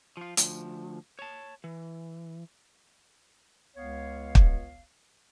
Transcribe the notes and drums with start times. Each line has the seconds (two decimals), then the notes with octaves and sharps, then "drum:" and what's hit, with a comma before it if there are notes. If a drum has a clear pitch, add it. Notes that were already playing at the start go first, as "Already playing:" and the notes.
0.17 F3 F4
0.37 D2 F3, drum: hi-hat
1.19 C#5 A5
1.64 E3
3.77 C#2 B3 C#5 F5
4.35 drum: kick